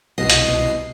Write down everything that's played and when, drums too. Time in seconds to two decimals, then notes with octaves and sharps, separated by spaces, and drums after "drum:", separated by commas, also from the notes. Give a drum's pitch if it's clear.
0.18 C2 B2 D#5 C7
0.30 drum: hi-hat